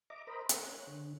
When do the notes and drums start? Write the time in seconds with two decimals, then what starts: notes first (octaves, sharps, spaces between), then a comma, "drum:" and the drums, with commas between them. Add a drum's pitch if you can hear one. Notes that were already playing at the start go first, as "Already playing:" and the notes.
0.10 D#5 E5 A#5 D6
0.27 A#4 C5 D#5 A#5 B5
0.49 A#4 C5, drum: hi-hat
0.66 C#5 F#6
0.87 D3